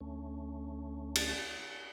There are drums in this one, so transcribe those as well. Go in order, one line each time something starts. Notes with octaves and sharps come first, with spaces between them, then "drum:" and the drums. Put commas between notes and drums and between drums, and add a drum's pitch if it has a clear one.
D2 A3 C#4
drum: cymbal